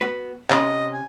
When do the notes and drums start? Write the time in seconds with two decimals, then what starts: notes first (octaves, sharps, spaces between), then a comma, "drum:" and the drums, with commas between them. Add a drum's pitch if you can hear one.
0.01 B3 F#4 B4
0.50 C3 C#4 F4 D#5, drum: clap
0.93 G#5